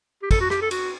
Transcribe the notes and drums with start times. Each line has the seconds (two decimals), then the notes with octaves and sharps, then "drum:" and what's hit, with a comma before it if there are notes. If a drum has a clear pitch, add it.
0.23 G4
0.31 A4, drum: kick, cymbal
0.40 F#4
0.50 G4, drum: rim click
0.62 A4
0.71 F#4, drum: cymbal